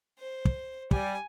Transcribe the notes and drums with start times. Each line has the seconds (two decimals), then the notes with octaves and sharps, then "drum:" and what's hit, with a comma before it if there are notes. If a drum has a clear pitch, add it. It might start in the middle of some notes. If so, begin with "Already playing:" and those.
0.19 C5
0.45 drum: kick
0.91 G3 G#5, drum: kick